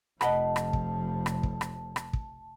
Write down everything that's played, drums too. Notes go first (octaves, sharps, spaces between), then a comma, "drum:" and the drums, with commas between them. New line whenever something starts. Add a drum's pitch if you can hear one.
F1 F3 D#5 F#5 A5 B5, drum: rim click
drum: rim click
drum: kick
drum: rim click
drum: kick
drum: rim click
drum: rim click
drum: kick